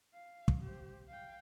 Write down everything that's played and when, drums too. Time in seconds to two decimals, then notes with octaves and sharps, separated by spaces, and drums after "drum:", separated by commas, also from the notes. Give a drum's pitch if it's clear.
0.14 F5
0.48 drum: kick
0.61 G4 C5
1.08 F5 G5